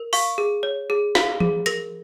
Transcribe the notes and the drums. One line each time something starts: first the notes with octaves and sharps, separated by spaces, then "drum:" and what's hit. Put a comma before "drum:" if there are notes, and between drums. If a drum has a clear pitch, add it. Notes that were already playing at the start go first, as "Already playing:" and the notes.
Already playing: A#4
F5 C#6, drum: open hi-hat
G#4
C#5
G#4
F5, drum: snare
G#4, drum: tom E3
A#4 A#6, drum: hi-hat